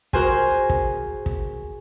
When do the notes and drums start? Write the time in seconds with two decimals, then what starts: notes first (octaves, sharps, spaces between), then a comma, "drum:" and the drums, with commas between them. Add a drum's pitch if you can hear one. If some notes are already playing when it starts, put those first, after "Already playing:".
0.13 F#4 G#4 A#4 C5 G#5, drum: kick
0.70 drum: kick
1.26 drum: kick